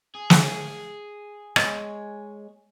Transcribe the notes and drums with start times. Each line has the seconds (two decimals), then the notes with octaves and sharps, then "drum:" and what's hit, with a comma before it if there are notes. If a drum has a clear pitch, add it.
0.15 G#4
0.30 drum: snare
1.56 G#3 C#5, drum: rim click